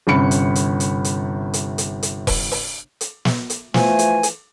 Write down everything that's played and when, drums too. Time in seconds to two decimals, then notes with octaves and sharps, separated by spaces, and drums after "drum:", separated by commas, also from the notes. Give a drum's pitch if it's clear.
0.07 G1 C3 C#4 B5 C#7
0.31 drum: hi-hat
0.55 drum: hi-hat
0.80 drum: hi-hat
1.04 drum: hi-hat
1.54 drum: hi-hat
1.78 drum: hi-hat
2.03 drum: hi-hat
2.27 drum: kick E1, open hi-hat
2.52 drum: open hi-hat
3.01 drum: hi-hat
3.25 drum: snare
3.50 drum: hi-hat
3.74 E3 F3 A3 G#5, drum: snare
3.99 drum: hi-hat
4.23 drum: hi-hat